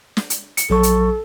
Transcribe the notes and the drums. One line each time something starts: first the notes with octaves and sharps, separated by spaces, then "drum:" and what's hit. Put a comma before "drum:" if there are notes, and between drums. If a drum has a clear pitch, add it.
drum: snare
drum: hi-hat
C#7, drum: hi-hat
A#1 F#3 A4 C#6
drum: hi-hat